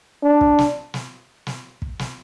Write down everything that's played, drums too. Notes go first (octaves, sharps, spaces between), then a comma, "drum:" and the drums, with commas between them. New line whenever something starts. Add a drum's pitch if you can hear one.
D4
drum: kick
drum: snare
drum: snare
drum: snare
drum: kick
drum: snare